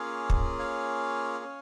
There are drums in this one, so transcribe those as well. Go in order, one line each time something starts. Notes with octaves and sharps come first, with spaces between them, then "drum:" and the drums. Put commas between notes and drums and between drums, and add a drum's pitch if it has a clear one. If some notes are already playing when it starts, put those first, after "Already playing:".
Already playing: A#3 C#4 F4 G#4 C#5 F5
drum: kick
C#5 F5
C#4